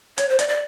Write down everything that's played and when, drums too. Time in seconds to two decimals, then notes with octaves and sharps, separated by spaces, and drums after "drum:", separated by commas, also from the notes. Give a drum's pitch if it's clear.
0.18 C#5, drum: hi-hat
0.29 C5
0.39 D5, drum: hi-hat
0.49 D5